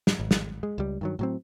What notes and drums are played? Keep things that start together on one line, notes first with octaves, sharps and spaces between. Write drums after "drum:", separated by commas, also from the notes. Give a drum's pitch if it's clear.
drum: snare
G#1
drum: snare
G#3
C#2 G3
G2 D#3 F#3
A2 F#3 C4